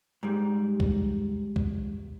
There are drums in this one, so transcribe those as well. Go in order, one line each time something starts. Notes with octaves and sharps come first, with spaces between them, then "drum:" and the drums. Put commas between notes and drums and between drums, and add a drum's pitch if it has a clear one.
G#2 G3
drum: kick C2
drum: kick C2